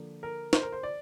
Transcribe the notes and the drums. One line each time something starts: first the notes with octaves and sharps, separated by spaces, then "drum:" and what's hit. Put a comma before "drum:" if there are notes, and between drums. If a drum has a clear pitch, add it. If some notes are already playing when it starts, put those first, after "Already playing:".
Already playing: D3 F3 A#3
A#4
C5, drum: snare
A#4
C5
D5